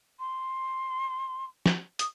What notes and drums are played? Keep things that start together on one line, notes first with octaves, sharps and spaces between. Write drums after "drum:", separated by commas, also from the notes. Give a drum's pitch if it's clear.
C6
drum: snare
D#6, drum: hi-hat